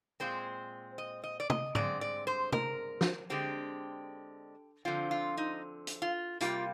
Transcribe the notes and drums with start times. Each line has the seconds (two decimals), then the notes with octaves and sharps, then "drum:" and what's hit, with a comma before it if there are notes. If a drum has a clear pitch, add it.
0.20 A#2 G#3 C4 C5
0.98 D#5
1.24 D#5
1.40 D5
1.50 D#5, drum: tom
1.75 G2 D3 G#3 C4 D5, drum: tom
2.01 D5
2.27 C5
2.52 A#4, drum: tom
3.01 drum: snare
3.30 D3 G#3 C4 G4
4.85 D3 F3 C4 F4
5.11 F4
5.37 D#4
5.87 drum: hi-hat
6.02 F4
6.40 C3 G3 A#3 F4, drum: hi-hat